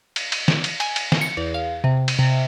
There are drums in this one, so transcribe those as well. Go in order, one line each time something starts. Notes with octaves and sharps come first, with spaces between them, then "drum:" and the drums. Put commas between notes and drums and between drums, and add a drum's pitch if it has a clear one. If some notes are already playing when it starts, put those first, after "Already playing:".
drum: cymbal
drum: cymbal
drum: snare
drum: cymbal
G#5, drum: cymbal
drum: cymbal
drum: snare
C#7
E2
F5
C3
drum: cymbal
C3